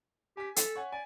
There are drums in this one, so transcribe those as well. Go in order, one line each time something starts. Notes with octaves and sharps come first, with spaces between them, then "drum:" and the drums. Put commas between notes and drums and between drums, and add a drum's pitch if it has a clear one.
G4 G#5 B6
A4, drum: hi-hat
C#5 F#5 G#5
D5 G#5